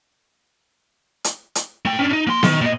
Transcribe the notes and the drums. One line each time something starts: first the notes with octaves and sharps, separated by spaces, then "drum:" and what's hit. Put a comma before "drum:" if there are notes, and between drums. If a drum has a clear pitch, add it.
drum: hi-hat
drum: hi-hat
A3 G5
C#4 D4
D#4
A#3 C6
D#3, drum: snare B3
A#2 D#5